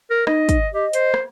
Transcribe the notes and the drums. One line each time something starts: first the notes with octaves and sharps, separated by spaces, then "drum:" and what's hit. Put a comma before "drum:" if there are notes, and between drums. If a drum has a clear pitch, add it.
A#4
D#4 D#5, drum: rim click
drum: kick, hi-hat
G4 D#5
C5, drum: hi-hat
drum: rim click